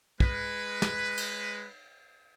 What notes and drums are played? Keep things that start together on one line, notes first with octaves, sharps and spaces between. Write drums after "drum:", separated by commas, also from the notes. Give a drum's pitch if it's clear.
G#3 B4, drum: kick
drum: snare
drum: cymbal